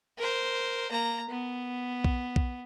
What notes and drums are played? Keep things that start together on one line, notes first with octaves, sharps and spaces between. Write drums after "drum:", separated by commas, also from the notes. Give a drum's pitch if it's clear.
A#4 C5
A#3 A#5
B3
drum: kick B1
drum: kick B1